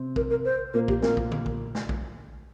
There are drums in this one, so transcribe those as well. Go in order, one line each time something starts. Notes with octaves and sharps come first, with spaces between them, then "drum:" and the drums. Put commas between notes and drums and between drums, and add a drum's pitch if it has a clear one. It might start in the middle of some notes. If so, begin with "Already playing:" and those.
Already playing: C3 C4
A#4, drum: kick
A#4
C5
A#2 A#3 A#4
G4, drum: kick
C4
A#2 A#3 A#4, drum: snare
drum: kick
drum: tom D3
drum: kick
drum: snare
drum: kick